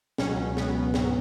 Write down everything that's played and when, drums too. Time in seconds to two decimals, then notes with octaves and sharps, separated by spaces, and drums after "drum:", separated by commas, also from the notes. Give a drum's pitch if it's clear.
0.18 C#2 B2 F#3 C#4, drum: snare
0.57 B3, drum: snare
0.94 G#2 F#3, drum: snare